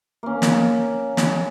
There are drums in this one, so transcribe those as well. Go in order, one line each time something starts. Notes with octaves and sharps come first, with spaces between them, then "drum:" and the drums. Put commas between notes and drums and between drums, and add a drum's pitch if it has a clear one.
A#3 C#4
drum: snare
drum: snare